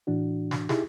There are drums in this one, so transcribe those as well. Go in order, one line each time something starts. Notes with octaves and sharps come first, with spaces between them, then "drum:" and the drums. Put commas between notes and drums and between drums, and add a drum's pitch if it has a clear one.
A2 E3 D4 F#4
drum: snare
D#4 E4 G4 G#4, drum: snare